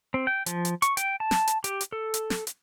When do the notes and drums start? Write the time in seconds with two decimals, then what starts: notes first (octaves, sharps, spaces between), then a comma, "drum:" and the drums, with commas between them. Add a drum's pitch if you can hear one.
0.14 C4
0.27 G5
0.46 F3, drum: hi-hat
0.65 drum: hi-hat
0.82 C#6, drum: hi-hat
0.97 G5, drum: hi-hat
1.20 A5
1.31 drum: snare
1.48 drum: hi-hat
1.64 G4, drum: hi-hat
1.81 drum: hi-hat
1.92 A4
2.14 drum: hi-hat
2.30 drum: snare
2.47 drum: hi-hat